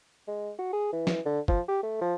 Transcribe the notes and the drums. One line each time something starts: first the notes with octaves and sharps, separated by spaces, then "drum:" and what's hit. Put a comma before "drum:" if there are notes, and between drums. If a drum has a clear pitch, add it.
G#3
F#4
G#4
E3
drum: snare
D3
F3, drum: kick
G4
A3
F3